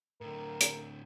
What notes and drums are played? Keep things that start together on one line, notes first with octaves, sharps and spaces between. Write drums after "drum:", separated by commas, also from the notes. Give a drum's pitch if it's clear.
A2 D3 A#4
drum: hi-hat